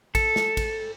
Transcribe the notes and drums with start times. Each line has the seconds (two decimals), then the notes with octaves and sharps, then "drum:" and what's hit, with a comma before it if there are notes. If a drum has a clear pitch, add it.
0.15 A4, drum: kick, cymbal
0.36 drum: snare
0.57 drum: kick, cymbal